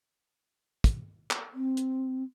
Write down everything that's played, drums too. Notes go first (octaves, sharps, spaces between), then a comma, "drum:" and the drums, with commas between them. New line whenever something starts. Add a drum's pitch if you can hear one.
drum: kick, hi-hat
drum: clap
C4
drum: hi-hat